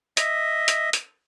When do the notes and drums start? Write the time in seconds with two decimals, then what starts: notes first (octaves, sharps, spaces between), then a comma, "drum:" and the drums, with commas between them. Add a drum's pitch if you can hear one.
0.17 D#5 E5, drum: hi-hat
0.68 drum: hi-hat
0.93 drum: hi-hat